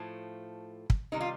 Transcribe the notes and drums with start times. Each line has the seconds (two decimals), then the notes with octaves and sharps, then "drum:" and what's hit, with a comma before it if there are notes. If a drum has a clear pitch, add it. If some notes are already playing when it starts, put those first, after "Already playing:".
Already playing: A2 F3 A3
0.90 drum: kick
1.12 C3 D#3 G3 D#4
1.21 F4